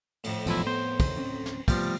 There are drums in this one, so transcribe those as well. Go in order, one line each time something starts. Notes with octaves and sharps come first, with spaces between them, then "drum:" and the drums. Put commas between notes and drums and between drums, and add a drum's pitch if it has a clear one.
F2 A2, drum: cymbal
F1 B1 E2 G#2 F3 E4, drum: cymbal
B3 C5
E2 C#3 E3, drum: kick, cymbal
D1 C4 C#4
drum: snare
C3 F3 G3 A3 B3, drum: kick, cymbal